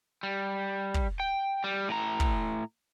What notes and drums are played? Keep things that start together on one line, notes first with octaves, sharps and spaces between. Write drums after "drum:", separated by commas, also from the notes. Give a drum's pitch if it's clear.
G3
drum: kick
G5
G3
A2 A#5
drum: kick